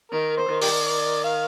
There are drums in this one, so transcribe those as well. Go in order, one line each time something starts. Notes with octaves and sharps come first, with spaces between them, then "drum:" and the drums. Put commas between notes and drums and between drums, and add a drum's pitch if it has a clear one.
D#3 A#4
C5
D#3
G4 A#4 D5, drum: open hi-hat
D5
F5